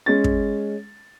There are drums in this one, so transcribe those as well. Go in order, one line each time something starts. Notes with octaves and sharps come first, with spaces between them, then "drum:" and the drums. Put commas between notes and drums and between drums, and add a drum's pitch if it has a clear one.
G#3 C#4 A6
drum: kick